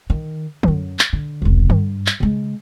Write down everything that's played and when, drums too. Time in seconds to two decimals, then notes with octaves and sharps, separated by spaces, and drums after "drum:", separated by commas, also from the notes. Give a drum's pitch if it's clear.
0.10 D#3
0.63 F#2 F#3, drum: tom D3
0.99 drum: clap
1.13 D3
1.42 E1 C2
1.70 G2, drum: tom D3
2.07 drum: clap
2.20 C#3 G#3